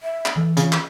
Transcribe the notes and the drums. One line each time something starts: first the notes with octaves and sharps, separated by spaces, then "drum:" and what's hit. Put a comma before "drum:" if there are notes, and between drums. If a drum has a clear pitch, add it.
E5
drum: clap
E3 A4
C#3 F4, drum: hi-hat
drum: clap